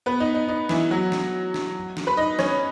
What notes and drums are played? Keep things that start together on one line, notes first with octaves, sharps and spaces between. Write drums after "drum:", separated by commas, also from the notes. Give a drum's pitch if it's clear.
B3 B4
D#4
D#4
D#4
E3 E4, drum: snare
F#3 F#4
drum: snare
drum: snare
drum: snare
B4 B5
D#4 D#5
C#4 C#5, drum: snare